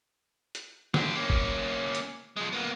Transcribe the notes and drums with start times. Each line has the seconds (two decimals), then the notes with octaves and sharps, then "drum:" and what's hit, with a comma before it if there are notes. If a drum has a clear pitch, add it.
0.55 drum: hi-hat
0.94 D3 G4, drum: snare
1.15 A#3 C#4
1.30 drum: kick G1
1.95 drum: hi-hat
2.37 F3 G#3
2.53 A#3 B3